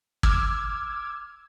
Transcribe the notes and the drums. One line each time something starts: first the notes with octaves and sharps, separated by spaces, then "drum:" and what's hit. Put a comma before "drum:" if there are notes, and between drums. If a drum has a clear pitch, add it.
D6 E6 F6 G#6, drum: kick